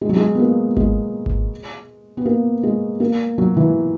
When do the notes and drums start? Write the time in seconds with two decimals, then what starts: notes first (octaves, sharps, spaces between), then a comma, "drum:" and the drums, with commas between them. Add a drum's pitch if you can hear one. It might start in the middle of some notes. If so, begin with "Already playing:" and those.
0.01 G#3
0.09 F#3
0.16 G#3
0.35 B3
0.39 A#3
0.77 G#3, drum: kick G#1
1.26 drum: kick G#1
2.17 B3
2.25 A#3
2.63 G#3
3.00 A#3
3.38 F#3
3.57 E3